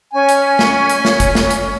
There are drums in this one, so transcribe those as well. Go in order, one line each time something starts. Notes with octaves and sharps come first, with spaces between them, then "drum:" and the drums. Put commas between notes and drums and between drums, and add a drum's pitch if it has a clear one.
C#4 G#5
drum: hi-hat
drum: snare
drum: hi-hat
drum: snare
drum: kick G1, hi-hat
drum: snare
drum: hi-hat